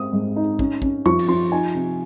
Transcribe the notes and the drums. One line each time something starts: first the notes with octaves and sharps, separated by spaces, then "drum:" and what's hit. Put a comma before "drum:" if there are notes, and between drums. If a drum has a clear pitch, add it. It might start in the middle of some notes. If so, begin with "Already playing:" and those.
Already playing: G#2 C4 D#6
G#2
D#4
C#4, drum: kick
C#4, drum: kick
F3 C#6, drum: tom F2
drum: cymbal
F3 C6
D#4 G#5
C3